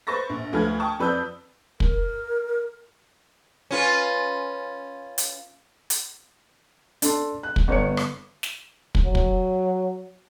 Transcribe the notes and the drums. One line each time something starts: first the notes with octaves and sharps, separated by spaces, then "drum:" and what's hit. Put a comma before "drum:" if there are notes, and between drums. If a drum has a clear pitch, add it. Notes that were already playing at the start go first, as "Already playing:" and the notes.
B4 C5 C#6 A6 A#6
A#1
D2 F3 A3 B4 F6 G#6
G5 A5 C#6 D#6
F2 F3 B4 D5 E6 G6
A#4, drum: kick
C#4 F4 B4
drum: hi-hat
drum: hi-hat
D4 A4 C6, drum: hi-hat
F#6
drum: kick
G1 B3 C#5 C#7
drum: rim click
drum: snare
drum: kick
F#3
drum: kick